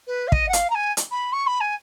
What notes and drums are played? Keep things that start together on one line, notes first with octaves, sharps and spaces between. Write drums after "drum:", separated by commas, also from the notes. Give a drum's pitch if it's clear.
B4
F5
D#5, drum: kick
F#5
F5, drum: hi-hat
A#5
G#5
drum: hi-hat
B5
C#6
B5
G#5